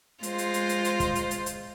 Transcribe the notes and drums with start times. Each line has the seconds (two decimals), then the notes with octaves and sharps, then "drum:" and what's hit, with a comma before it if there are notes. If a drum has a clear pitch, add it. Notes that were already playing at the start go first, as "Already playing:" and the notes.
0.23 G#3 F4 C5, drum: hi-hat
0.38 drum: hi-hat
0.54 drum: hi-hat
0.69 drum: hi-hat
0.85 drum: hi-hat
1.00 drum: kick, hi-hat
1.15 drum: hi-hat
1.31 drum: hi-hat
1.46 drum: hi-hat